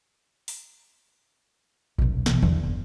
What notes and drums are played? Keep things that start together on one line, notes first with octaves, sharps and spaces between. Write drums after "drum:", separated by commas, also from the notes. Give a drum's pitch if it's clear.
drum: open hi-hat
D#1 B1, drum: kick A1
B2 E3, drum: snare
E2 D3, drum: tom D#3
G1